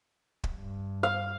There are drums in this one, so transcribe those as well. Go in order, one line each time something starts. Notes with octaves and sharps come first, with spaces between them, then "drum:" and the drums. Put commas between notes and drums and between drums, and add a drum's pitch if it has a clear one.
drum: kick
G2
F5